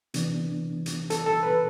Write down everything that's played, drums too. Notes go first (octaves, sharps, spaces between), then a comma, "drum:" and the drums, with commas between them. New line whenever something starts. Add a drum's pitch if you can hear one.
C3 E3 B3 D4, drum: hi-hat
drum: hi-hat
A4, drum: hi-hat
A4
B4